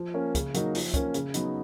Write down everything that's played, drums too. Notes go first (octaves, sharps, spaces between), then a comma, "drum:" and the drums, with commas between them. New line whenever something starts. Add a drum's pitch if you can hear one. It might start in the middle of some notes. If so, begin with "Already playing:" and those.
Already playing: F3
A#3 C#4
C#3, drum: kick, hi-hat
F#3 A#3 D#4, drum: hi-hat
F3, drum: open hi-hat
A#3 C#4, drum: kick, hi-hat
C#3, drum: hi-hat
F#3 B3 D#4, drum: hi-hat